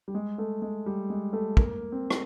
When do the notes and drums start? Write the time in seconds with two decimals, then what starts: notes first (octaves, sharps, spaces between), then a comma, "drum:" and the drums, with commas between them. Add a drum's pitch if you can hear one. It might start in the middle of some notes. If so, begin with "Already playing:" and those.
0.08 G3
0.15 G#3
0.38 A3
0.62 G#3
0.86 G3
1.10 G#3
1.33 A3
1.57 A#3, drum: kick
1.92 C4
2.10 drum: rim click